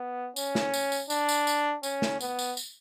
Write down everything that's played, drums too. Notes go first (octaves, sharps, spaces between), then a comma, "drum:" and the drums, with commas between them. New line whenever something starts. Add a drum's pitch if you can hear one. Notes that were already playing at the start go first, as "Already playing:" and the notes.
Already playing: B3
C#4, drum: tambourine
drum: snare
drum: tambourine
drum: tambourine
D4, drum: tambourine
drum: tambourine
drum: tambourine
C#4, drum: tambourine
drum: snare
B3, drum: tambourine
drum: tambourine
drum: tambourine